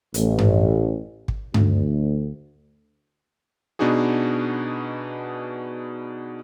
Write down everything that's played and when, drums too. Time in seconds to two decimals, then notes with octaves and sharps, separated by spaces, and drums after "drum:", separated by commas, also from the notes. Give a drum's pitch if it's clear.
0.14 A1, drum: hi-hat
0.39 drum: tom G2
1.28 drum: kick
1.54 D2, drum: tom G2
3.79 B2 B3 D4 D#4 F#4 G#4